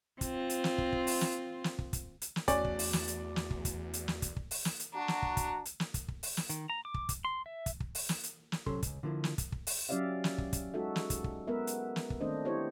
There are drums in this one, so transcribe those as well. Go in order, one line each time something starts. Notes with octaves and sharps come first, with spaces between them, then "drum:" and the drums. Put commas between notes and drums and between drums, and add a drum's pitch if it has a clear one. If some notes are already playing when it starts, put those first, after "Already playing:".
C4 F4, drum: kick, hi-hat
drum: hi-hat
drum: snare
drum: kick
drum: kick
drum: open hi-hat
drum: snare
drum: snare
drum: kick
drum: kick, hi-hat
drum: hi-hat
drum: snare
E2 A3 C#4 F#4 D5, drum: kick, hi-hat
drum: kick
drum: open hi-hat
drum: snare
drum: hi-hat
drum: snare
drum: kick
drum: kick, hi-hat
drum: hi-hat
drum: snare
drum: kick, hi-hat
drum: kick
drum: open hi-hat
drum: snare
drum: hi-hat
D4 F#4 A#5
drum: snare
drum: kick
drum: kick, hi-hat
drum: hi-hat
drum: snare
drum: kick, hi-hat
drum: kick
drum: open hi-hat
drum: snare
D#3, drum: hi-hat
A#5
D6
drum: kick
drum: kick, hi-hat
C6
E5
drum: kick, hi-hat
drum: kick
drum: open hi-hat
drum: snare
drum: hi-hat
drum: snare
C3 F#3 C#4 A4 C6, drum: kick
C#2 G#2, drum: kick, hi-hat
D3 F3 A#3 E4
drum: snare
drum: kick, hi-hat
drum: kick
drum: open hi-hat
F#3 C#4 G4 D5 E5 F5
drum: snare
drum: kick
drum: kick, hi-hat
G#3 D#4 F#4 A4 E5
drum: snare
drum: kick, hi-hat
drum: kick
G#3 B3 A#4 B4 E5
drum: hi-hat
drum: snare
drum: kick
D#3 A3 C4 D4 C5 D#5
E4 G4 C5 C#5